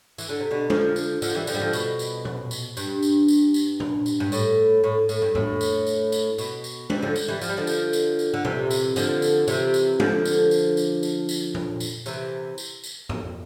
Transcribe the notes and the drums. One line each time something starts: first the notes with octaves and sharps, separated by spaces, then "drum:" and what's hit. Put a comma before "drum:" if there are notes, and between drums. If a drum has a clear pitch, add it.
E3, drum: tambourine
D3
C3
B2 D3
D3 F3, drum: tom
drum: tambourine
D3 F3, drum: tambourine
E3 G3
D3 F3, drum: tambourine
G3
D3 F3
B2, drum: tambourine
drum: tambourine
drum: tom A#2
drum: tambourine
G2, drum: tambourine
drum: tambourine
drum: tambourine
drum: tambourine
drum: tom A#2
drum: tambourine
G2
A2, drum: tambourine
A2
A2, drum: tambourine
G2
A2, drum: tom F#2
drum: tambourine
drum: tambourine
drum: tambourine
B2, drum: tambourine
drum: tambourine
E3 G3, drum: tom
D3 F3
drum: tambourine
E3 G3
F3, drum: tambourine
G3
D3 F3
drum: tambourine
drum: tambourine
drum: tambourine
D3
C3 E3, drum: tom A#2
drum: tambourine
D3 F3, drum: tambourine
drum: tambourine
C3 E3, drum: tambourine
drum: tambourine
D3 F3, drum: tom
drum: tambourine
drum: tambourine
drum: tambourine
drum: tambourine
drum: tambourine
drum: tom A#2
drum: tambourine
C3 E3, drum: tambourine
drum: tambourine
drum: tambourine
drum: tom F#2